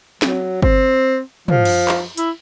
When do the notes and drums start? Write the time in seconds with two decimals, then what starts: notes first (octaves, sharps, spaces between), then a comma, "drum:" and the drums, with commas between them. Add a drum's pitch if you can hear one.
0.22 F#3, drum: snare
0.62 C4, drum: kick G1
1.48 F3, drum: tom
1.65 drum: cymbal
1.88 drum: clap
2.17 E4, drum: hi-hat